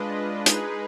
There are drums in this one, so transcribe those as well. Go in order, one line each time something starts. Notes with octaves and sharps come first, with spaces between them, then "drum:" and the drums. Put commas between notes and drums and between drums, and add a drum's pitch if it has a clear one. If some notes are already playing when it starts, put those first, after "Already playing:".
Already playing: G#3 D4 F4 B4 D#5
G#3 D#4 G#4 B4, drum: hi-hat